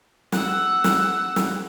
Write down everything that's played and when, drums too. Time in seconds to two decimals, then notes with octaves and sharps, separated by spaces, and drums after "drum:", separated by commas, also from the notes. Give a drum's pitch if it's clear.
0.32 F#5 E6, drum: snare
0.84 drum: snare
1.36 drum: snare